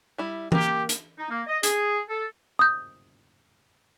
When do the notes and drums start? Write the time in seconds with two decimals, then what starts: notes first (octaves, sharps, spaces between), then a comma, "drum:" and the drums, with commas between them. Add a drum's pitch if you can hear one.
0.18 G3 E4
0.52 A#3 G4 A#4, drum: tom E3
0.89 drum: hi-hat
1.18 D#4
1.30 A#3
1.47 D#5
1.63 G#4, drum: hi-hat
2.09 A4
2.59 D#6 G6